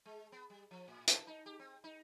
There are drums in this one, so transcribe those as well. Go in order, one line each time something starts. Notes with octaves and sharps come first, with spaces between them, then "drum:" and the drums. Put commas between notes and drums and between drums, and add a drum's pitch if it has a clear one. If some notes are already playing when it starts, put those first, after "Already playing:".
G#3
B3
G3
F3
A2
A#2, drum: hi-hat
D#4
G4
C4
D#4